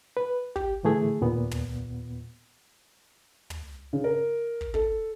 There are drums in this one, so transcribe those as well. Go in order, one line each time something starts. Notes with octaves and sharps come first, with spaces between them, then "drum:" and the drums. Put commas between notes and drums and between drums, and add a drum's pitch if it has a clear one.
B4
G4, drum: kick
A2 D3 E3 A3 G#4 E5
D#2 A#2 B3
drum: tom
drum: tom
C#3
A#4
drum: kick
A4, drum: kick